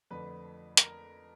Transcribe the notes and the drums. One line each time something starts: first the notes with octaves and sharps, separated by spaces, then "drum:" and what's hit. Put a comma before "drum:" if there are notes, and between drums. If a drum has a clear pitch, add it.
F2 D3 F3 A3 B4
A#4, drum: hi-hat